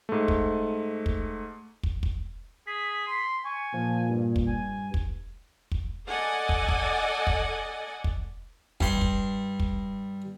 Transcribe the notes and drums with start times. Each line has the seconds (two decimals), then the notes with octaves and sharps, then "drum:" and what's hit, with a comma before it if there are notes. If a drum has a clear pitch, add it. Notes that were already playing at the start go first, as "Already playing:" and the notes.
0.09 G#2 A3
0.28 drum: kick
1.06 drum: kick
1.83 drum: kick
2.03 drum: kick
2.67 G#4 B6
3.07 C6
3.45 G#5 C#6
3.74 A#2 F3
4.09 G2
4.36 drum: kick
4.47 G#5
4.94 drum: kick
5.71 drum: kick
6.09 A4 D5 D#5 F#5 G#5
6.49 drum: kick
6.69 drum: kick
7.27 drum: kick
8.04 drum: kick
8.81 G2 C6, drum: kick
9.01 drum: kick
9.60 drum: kick